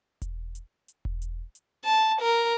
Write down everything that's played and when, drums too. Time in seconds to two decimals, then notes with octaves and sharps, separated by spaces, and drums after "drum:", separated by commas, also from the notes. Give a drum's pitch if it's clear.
0.22 drum: kick E1, hi-hat
0.55 drum: hi-hat
0.88 drum: hi-hat
1.05 drum: kick E1
1.22 drum: hi-hat
1.55 drum: hi-hat
1.85 A5
2.22 A#4